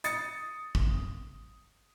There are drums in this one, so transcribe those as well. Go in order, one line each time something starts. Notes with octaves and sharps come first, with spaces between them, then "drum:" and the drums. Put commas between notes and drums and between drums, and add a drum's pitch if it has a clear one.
D#6 A6 C#7, drum: hi-hat
drum: kick